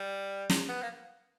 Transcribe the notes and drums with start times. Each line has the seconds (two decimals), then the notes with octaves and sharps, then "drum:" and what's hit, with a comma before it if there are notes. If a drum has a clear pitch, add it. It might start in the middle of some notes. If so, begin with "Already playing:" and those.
Already playing: G3
0.50 drum: snare
0.69 B3
0.82 A#3